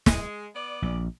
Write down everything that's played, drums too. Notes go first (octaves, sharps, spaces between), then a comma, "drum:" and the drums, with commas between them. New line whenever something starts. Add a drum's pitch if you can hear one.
G#3, drum: snare
B3 D5
A#1